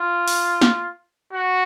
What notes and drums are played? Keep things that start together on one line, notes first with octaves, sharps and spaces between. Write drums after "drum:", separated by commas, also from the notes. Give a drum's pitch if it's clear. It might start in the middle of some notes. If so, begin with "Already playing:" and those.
Already playing: F4
drum: open hi-hat
drum: snare
F#4